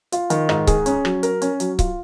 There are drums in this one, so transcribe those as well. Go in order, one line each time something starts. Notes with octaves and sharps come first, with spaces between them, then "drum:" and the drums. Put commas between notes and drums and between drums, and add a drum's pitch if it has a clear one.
F4, drum: hi-hat
D#3, drum: hi-hat
G#2, drum: rim click
G#4, drum: kick C#1, hi-hat
C#4, drum: hi-hat
F#3, drum: rim click
A#4, drum: hi-hat
C#4, drum: hi-hat
F#3, drum: hi-hat
F4, drum: kick C#1, hi-hat